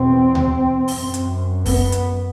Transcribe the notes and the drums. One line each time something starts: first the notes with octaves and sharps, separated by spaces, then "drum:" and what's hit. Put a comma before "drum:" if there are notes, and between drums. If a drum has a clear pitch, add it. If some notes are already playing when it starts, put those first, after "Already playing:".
Already playing: E2 B2 C4
drum: tom D2
F#2, drum: open hi-hat
drum: hi-hat
B3, drum: kick, open hi-hat
drum: hi-hat